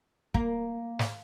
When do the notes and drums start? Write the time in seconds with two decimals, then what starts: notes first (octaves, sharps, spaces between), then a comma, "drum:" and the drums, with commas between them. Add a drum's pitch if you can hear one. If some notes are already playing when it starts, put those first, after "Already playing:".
0.34 A#3, drum: kick
0.99 drum: snare